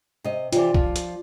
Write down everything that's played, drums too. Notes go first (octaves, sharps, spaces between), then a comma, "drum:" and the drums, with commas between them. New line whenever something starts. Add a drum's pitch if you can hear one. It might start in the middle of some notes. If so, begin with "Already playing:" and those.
C3 D#5
C3 E3 F4 D5, drum: hi-hat
F3, drum: kick
drum: hi-hat